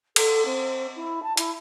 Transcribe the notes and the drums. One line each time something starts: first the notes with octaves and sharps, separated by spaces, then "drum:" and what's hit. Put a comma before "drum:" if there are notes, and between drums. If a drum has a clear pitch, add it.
A4, drum: cymbal
C4
E4
A5
E4, drum: hi-hat